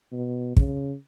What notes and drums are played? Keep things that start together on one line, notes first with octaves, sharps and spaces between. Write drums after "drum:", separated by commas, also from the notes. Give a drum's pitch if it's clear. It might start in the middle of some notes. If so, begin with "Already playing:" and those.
B2
C#3, drum: kick